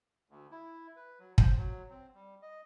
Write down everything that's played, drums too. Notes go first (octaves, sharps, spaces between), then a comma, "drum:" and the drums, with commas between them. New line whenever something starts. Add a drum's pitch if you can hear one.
D2
E4
B4
F#3
C5, drum: kick
F#3
C4
G3
D#5